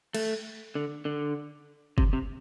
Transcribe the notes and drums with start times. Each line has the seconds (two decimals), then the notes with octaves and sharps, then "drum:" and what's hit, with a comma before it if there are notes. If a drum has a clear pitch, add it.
0.14 A3, drum: cymbal
0.75 D3
1.05 D3
1.98 C3, drum: kick
2.13 C3